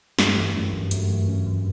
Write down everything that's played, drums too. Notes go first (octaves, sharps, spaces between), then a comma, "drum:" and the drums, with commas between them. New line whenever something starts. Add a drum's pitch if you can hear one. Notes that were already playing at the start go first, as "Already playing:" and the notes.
G2 A3, drum: snare
E3
F#2 C#4
G2
F#2 A3, drum: hi-hat
E3
C#4
G2